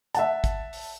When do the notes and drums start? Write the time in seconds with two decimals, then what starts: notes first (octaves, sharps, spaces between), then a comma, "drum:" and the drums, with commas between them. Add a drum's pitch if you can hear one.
0.15 E5 F#5 A5, drum: hi-hat
0.44 drum: kick, hi-hat
0.73 drum: open hi-hat